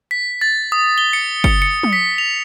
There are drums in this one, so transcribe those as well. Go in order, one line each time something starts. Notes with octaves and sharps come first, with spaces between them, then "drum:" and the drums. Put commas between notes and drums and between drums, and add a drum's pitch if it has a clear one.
B6
A6
D#6
G7
C#7
C#7, drum: kick
C#7
drum: tom
B6
F7